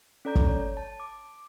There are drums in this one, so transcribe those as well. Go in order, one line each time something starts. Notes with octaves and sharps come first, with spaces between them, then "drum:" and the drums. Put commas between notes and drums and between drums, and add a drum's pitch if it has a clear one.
C#4 A4 D5 A#5 G6
drum: kick
C#5
A5
D6